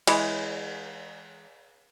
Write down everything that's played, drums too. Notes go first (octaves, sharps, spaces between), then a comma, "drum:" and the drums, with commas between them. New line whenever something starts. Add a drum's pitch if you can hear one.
E3 G#3, drum: cymbal